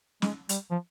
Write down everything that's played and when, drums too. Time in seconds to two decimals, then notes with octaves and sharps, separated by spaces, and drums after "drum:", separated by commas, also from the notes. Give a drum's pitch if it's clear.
0.22 G#3, drum: snare
0.49 G3, drum: hi-hat
0.71 F3